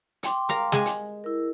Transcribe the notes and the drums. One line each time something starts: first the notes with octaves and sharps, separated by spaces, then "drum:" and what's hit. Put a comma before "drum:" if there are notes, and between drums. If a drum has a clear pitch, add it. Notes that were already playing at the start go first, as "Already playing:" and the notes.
G5 C6 D6, drum: hi-hat
A#4 F5 A#5
G#3 G#5, drum: snare
drum: hi-hat
E4 A#4